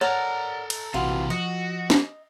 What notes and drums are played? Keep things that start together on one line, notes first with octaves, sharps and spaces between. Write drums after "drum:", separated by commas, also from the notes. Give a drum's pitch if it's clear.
A4 A#4 C#5 D5 F#5 A#5
drum: cymbal
A#1 C3 E3 F4 F#4 F#5
F3 F#4 D#5
drum: snare